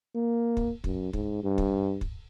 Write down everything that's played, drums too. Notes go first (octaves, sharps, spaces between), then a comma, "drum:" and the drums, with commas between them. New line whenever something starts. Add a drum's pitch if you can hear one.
A#3
drum: kick
F#2, drum: kick
G#2, drum: kick
G2
drum: kick
drum: kick